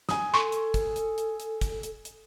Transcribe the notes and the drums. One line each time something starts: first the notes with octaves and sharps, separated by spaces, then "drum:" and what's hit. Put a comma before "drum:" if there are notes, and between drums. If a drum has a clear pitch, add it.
G#5 D#6, drum: snare
A4 C6 C#6
drum: hi-hat
drum: kick, hi-hat
drum: hi-hat
drum: hi-hat
drum: hi-hat
drum: kick, hi-hat
drum: hi-hat
drum: hi-hat